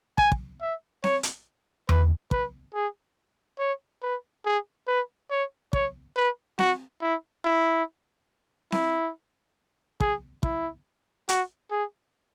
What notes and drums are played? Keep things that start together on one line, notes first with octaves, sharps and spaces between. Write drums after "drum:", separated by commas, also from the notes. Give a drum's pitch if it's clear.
G#5, drum: kick
drum: kick
E5
C#5, drum: snare C4
drum: hi-hat
B4, drum: tom E2
B4, drum: kick
G#4
C#5
B4
G#4
B4
C#5
C#5, drum: kick
B4
F#4, drum: snare C4
E4
E4
E4, drum: snare C4
G#4, drum: kick
E4, drum: kick
F#4, drum: hi-hat
G#4